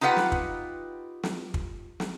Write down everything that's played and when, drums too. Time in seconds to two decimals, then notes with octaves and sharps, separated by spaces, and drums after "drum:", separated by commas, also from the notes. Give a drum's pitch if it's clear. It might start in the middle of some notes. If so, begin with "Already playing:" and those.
0.01 D#4 F4 G4 B4 F#5
0.17 drum: snare
0.32 drum: kick
1.23 drum: snare
1.54 drum: kick
2.00 drum: snare